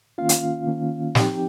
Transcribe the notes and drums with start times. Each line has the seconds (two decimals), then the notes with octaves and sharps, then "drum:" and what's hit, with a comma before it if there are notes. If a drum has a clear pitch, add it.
0.18 D#3 A#3 C#4 F4 F5
0.29 drum: hi-hat
0.67 D#3 A#3 C#4
1.15 F3 C4 D#4 G4 G5, drum: snare